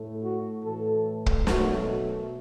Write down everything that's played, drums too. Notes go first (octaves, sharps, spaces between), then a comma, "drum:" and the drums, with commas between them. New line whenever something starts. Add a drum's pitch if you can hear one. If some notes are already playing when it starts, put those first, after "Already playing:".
Already playing: A2 A3
F#4
A2 E3 A3 A4
drum: kick
B2 F#3 A3 F#4, drum: snare